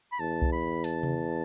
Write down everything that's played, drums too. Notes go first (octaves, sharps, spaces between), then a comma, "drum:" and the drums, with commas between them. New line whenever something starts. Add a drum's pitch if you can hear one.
B5
E2 A5
drum: kick C2
B5
A5, drum: hi-hat
drum: tom C3